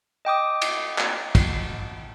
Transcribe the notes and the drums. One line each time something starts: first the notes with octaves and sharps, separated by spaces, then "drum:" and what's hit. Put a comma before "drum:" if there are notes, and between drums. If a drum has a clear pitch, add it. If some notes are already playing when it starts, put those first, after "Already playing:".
D#5 G5 D6 D#6
drum: cymbal
drum: clap
drum: kick, cymbal